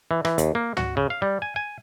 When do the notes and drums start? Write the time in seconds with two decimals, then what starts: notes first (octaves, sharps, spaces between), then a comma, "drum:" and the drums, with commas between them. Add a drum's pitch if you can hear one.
0.11 E3
0.25 E3, drum: rim click
0.38 D#2, drum: hi-hat
0.55 A#3
0.77 F#4, drum: tom
0.97 C#3
1.10 F5
1.22 G3
1.42 G#5
1.56 G#5